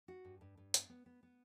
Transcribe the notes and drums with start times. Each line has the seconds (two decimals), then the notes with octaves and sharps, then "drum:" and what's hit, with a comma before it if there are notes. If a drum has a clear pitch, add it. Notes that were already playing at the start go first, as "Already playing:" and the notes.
0.08 F#4
0.25 G2
0.41 G2
0.57 G2
0.74 B3, drum: hi-hat
0.90 B3
1.06 B3
1.23 B3